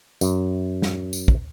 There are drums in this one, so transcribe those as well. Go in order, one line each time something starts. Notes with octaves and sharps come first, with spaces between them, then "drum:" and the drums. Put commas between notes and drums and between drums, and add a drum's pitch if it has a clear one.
F#2, drum: tambourine
drum: snare
drum: tambourine
drum: kick